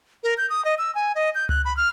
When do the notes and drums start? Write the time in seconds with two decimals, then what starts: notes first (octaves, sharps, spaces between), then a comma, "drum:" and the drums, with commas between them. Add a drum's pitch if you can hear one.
0.23 A#4
0.38 G6
0.50 D#6
0.65 D#5
0.78 E6
0.95 G#5
1.15 D#5
1.35 G6
1.49 F#6, drum: tom C#2
1.65 B5
1.77 F6